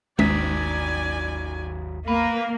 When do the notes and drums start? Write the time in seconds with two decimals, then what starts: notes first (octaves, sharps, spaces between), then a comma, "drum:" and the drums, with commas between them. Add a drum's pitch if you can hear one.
0.19 G#1 D#2 D#3 F#3 D5 G#5 B6, drum: tom G#3
2.08 A#3 A#4 B4